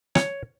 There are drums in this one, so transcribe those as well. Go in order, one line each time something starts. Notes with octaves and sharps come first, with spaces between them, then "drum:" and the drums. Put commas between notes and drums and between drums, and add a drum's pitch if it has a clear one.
C#5, drum: rim click